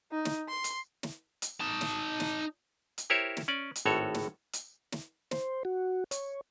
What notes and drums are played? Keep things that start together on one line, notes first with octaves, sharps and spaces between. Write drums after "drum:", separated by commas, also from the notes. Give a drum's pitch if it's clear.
D#4
drum: snare
C6
drum: hi-hat
drum: snare
drum: hi-hat
D#4 A5
drum: snare
drum: snare
drum: hi-hat
E4 G4 A#4 C5 C#5 E5
drum: snare
C#4 D5
drum: hi-hat
G#1 A2 F#4 A4 C#5
drum: snare
drum: hi-hat
drum: snare
C5, drum: snare
F#4
C#5, drum: hi-hat